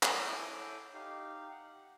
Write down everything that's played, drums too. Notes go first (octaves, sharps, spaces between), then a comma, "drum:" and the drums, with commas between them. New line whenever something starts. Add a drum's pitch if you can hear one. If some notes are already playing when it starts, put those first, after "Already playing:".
drum: clap
E4 A4 C#5 G#5 D6 G6
D#4 G4 F5
F#5